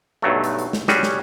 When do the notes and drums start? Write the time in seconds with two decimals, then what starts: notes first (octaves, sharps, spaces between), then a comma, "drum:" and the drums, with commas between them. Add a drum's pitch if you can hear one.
0.22 B1 G2 F#3 A3
0.44 drum: hi-hat
0.58 drum: hi-hat
0.73 drum: snare
0.88 G3 C#4 F#4 G#4, drum: snare
1.03 drum: snare